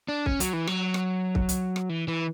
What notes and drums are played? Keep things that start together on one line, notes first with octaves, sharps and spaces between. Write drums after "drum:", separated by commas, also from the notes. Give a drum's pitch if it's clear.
D4
C#4, drum: kick C2
F#3, drum: hi-hat
E3
F#3, drum: rim click
drum: rim click
drum: kick C2
drum: hi-hat
drum: rim click
E3
E3